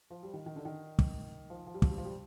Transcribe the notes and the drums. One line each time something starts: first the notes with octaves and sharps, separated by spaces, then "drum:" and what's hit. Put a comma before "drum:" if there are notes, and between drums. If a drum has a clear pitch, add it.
F3
G3
D#3
D#3
D3
D#3
drum: kick
F3
F3
G3
F3, drum: kick
G3
F3
G3